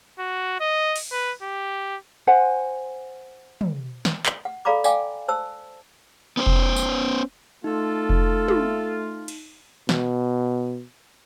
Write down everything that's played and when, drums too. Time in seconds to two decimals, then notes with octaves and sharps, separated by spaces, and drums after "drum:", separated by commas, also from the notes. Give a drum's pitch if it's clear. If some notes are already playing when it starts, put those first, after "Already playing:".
0.19 F#4
0.60 D#5
0.96 drum: open hi-hat
1.12 B4
1.42 G4
2.27 C5 F#5 G#5
3.61 drum: tom
4.05 drum: snare
4.26 drum: clap
4.45 F#5
4.65 A4 D5 F5 A#5 B5 D6
4.84 D5 F5 G5 G#5 D6, drum: tambourine
5.28 C5 A5 E6
6.37 B3 C#4 G4 C5
6.47 drum: kick F1
6.76 drum: tambourine
7.64 A3 D#4 F4 A4
8.10 drum: kick F1
8.48 drum: tom
9.28 drum: cymbal
9.89 B2, drum: snare